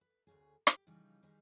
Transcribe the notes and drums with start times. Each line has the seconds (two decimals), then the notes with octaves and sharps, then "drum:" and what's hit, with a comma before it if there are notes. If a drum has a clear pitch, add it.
0.01 B4
0.27 D2 G2 C#3 G#4
0.67 G4, drum: rim click
0.87 C#3 E3 F3 G3 D#4
1.23 D#3 E3 G3 D#4 G#4